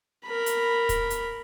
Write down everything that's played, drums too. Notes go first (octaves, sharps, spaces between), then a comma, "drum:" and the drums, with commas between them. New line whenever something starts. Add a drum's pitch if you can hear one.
A#4 B5
drum: hi-hat
drum: kick, hi-hat
drum: hi-hat